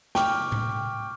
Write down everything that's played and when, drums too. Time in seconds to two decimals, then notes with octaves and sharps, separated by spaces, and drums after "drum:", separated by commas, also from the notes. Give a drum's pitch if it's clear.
0.15 G5 C#6 D6 F6, drum: snare
0.52 drum: tom A2